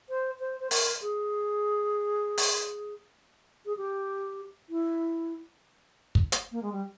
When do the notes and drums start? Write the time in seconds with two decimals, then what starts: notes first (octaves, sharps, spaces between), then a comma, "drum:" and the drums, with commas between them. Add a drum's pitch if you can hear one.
0.09 C5
0.40 C5
0.60 C5
0.71 A#4, drum: open hi-hat
1.01 G#4
2.38 drum: open hi-hat
3.66 G#4
3.77 G4
4.69 E4
6.15 drum: kick
6.32 drum: hi-hat
6.52 A#3
6.63 G#3
6.72 G3